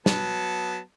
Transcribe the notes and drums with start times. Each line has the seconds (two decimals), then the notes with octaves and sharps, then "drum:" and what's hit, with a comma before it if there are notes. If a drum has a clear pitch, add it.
0.06 F#3 B3 A5, drum: snare